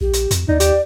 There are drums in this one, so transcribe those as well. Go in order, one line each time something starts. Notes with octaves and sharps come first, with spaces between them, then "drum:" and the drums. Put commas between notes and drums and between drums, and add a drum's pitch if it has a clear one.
A#1 G4
drum: hi-hat
F2, drum: hi-hat
D#2 D#4 D5
G4, drum: hi-hat